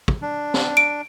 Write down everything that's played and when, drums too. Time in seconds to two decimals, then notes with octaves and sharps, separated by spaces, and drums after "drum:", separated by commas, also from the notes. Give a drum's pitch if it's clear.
0.08 drum: kick
0.22 D4
0.54 drum: snare
0.77 D7